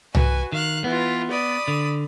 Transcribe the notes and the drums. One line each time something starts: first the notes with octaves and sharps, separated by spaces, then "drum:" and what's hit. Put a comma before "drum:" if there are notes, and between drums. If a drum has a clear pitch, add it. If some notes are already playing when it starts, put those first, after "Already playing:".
F#4 B4 G#5, drum: tom C2
D#3 F5 F#6
E3 B3 F4
D5 B5 D#6
D3